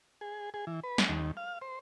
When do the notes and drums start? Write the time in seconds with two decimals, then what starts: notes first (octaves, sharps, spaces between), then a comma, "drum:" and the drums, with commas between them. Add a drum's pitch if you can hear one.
0.21 G#4
0.54 G#4
0.67 E3
0.83 B4
0.98 drum: snare
1.09 D#2
1.37 F5
1.62 C5